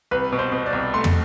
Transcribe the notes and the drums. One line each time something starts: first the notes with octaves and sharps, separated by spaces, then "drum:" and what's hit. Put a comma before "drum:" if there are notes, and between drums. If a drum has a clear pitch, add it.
C2 B4
B2
C5
B2
D5
C2
A3 C6
drum: tom